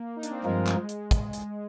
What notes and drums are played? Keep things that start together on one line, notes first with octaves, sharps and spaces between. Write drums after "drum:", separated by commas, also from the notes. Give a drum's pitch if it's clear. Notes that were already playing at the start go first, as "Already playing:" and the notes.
Already playing: A#3
D#4
D4, drum: hi-hat
C4
A#3
G2 F3 G#3 C4 F4 A#4
drum: clap
drum: hi-hat
drum: kick, hi-hat
drum: hi-hat